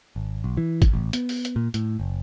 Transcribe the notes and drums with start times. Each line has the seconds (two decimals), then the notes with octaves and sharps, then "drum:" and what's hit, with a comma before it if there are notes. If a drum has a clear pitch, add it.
0.16 G#1
0.44 B1
0.57 E3
0.82 drum: kick, hi-hat
0.93 A1
1.13 B3, drum: hi-hat
1.29 drum: open hi-hat
1.45 drum: hi-hat
1.56 A#2
1.74 A2, drum: hi-hat
1.99 F#1